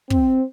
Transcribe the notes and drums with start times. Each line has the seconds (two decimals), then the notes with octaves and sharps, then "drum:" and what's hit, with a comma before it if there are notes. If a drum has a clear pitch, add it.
0.10 C4, drum: kick